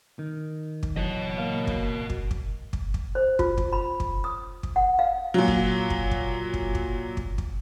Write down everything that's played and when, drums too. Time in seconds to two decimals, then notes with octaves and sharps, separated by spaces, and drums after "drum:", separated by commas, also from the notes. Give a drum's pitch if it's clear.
0.19 D#3
0.83 drum: kick
0.96 E3 F#3 F#4 D#5
1.38 A#3 F5
1.67 drum: kick
2.10 drum: kick
2.31 drum: kick
2.73 drum: kick
2.94 drum: kick
3.15 C5
3.39 F4, drum: kick
3.58 drum: kick
3.73 B5
4.00 drum: kick
4.24 D#6
4.63 drum: kick
4.76 F#5
4.99 F5
5.34 A#2 F#3
5.48 drum: kick
5.90 drum: kick
6.11 drum: kick
6.54 drum: kick
6.75 drum: kick
7.17 drum: kick
7.38 drum: kick